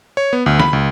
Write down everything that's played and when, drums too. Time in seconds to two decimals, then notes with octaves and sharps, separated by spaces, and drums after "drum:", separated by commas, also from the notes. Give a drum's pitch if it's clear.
0.17 C#5
0.33 B3
0.46 D2
0.60 B5, drum: snare
0.73 C#2